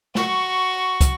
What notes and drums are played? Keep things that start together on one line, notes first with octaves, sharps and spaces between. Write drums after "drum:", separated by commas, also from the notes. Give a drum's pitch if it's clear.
F#4 C#6, drum: snare A3
drum: kick, hi-hat